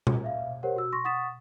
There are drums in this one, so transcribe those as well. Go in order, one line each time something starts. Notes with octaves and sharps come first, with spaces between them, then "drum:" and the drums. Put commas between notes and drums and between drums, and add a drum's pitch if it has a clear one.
drum: tom B2
E5 F5
G4 A#4 C5 C#5 F#5
F#4 E6
C6 C#6 A#6
F#5 C#6 D#6 A6 B6 E7